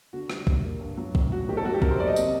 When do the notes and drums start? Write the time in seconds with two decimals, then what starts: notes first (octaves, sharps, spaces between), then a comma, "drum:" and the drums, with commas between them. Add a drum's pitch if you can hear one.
0.13 D3 F#4
0.30 G3, drum: rim click
0.47 D#2, drum: kick
0.64 A#3
0.81 G2
0.97 F#3
1.15 A1, drum: kick
1.32 A1 F#4
1.48 D#3 G4
1.57 A4
1.65 F#3 F#4
1.74 G4
1.82 F#2 A#4, drum: kick
1.91 C5
1.99 A#3 D5
2.07 D#5
2.16 C3, drum: tambourine